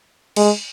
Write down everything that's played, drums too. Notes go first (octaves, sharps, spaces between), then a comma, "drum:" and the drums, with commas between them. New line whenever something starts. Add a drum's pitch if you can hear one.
G#3, drum: cymbal